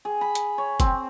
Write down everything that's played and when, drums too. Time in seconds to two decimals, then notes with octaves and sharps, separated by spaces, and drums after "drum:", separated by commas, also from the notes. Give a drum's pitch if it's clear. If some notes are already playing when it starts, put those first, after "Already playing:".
0.05 G#4
0.21 B5
0.35 drum: hi-hat
0.58 C#5
0.80 C4, drum: kick, hi-hat